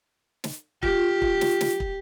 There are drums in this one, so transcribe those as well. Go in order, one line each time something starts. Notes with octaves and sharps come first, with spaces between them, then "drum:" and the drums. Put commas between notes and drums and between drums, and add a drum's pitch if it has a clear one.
drum: snare
F4 G4, drum: kick
drum: kick
drum: snare
drum: snare
drum: kick